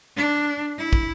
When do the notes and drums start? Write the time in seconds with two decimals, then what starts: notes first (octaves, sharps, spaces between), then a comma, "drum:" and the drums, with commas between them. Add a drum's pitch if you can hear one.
0.17 D4
0.79 E4
0.93 drum: kick